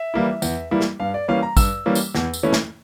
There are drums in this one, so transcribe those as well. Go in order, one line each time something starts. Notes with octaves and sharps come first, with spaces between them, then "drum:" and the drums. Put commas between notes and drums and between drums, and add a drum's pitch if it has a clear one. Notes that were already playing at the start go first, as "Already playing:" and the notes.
Already playing: E5
E3 G3 A#3 E4
E2, drum: tambourine
E3 G3 A#3 E4
drum: snare
G2 F5
D5
E3 G3 A#3 C#4 F5
A#5
G2 E6, drum: kick, tambourine
E3 G3 A#3 C#4
drum: tambourine
E2, drum: snare
drum: tambourine
E3 A3 C#4 E4
drum: snare